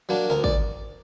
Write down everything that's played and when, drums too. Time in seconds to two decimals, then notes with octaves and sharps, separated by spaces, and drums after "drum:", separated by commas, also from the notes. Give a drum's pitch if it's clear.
0.09 F#3 A#3 D4
0.30 D2 A#4
0.44 D5, drum: kick